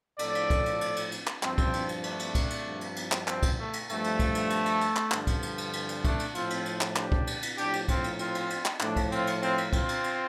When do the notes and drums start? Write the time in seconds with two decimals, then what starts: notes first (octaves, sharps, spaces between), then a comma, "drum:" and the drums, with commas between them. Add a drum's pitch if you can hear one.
0.19 A2 F3 A4 D5, drum: cymbal
0.35 drum: cymbal
0.50 drum: kick, cymbal
0.66 drum: cymbal
0.81 drum: cymbal
0.96 drum: cymbal
1.12 drum: cymbal
1.27 drum: clap
1.43 G2 F3 C4, drum: clap
1.58 drum: kick, cymbal
1.73 drum: cymbal
1.89 drum: cymbal
2.04 A3 D4, drum: cymbal
2.20 drum: cymbal
2.35 drum: kick, cymbal
2.50 drum: cymbal
2.66 G2 F3
2.81 drum: cymbal
2.96 drum: cymbal
3.12 drum: clap
3.28 C4, drum: clap
3.43 drum: kick, cymbal
3.58 A3
3.73 drum: cymbal
3.89 G2 F3 A3, drum: cymbal
4.04 drum: cymbal
4.19 drum: kick, cymbal
4.35 drum: cymbal
4.50 drum: cymbal
4.66 drum: cymbal
4.81 drum: cymbal
4.96 drum: clap
5.12 G2 D3 F3, drum: clap
5.27 drum: kick, cymbal
5.43 drum: cymbal
5.58 drum: cymbal
5.73 drum: cymbal
5.89 drum: cymbal
6.04 A3 D4, drum: kick, cymbal
6.19 drum: cymbal
6.35 A2 F3 C4 F4, drum: cymbal
6.50 drum: cymbal
6.66 drum: cymbal
6.81 drum: clap
6.96 D4 G4, drum: clap
7.12 drum: kick
7.27 drum: cymbal
7.43 drum: cymbal
7.58 A2 F3 D4 G4, drum: cymbal
7.73 drum: cymbal
7.88 C4 F4, drum: kick, cymbal
8.04 drum: cymbal
8.19 C4 F4, drum: cymbal
8.35 drum: cymbal
8.50 drum: cymbal
8.66 drum: clap
8.80 A2 F3 A3 D4, drum: clap
8.96 drum: kick, cymbal
9.12 C4 F4, drum: cymbal
9.27 drum: cymbal
9.43 C4 F4, drum: cymbal
9.58 drum: cymbal
9.73 C4 F4, drum: kick, cymbal
9.89 drum: cymbal
10.04 drum: cymbal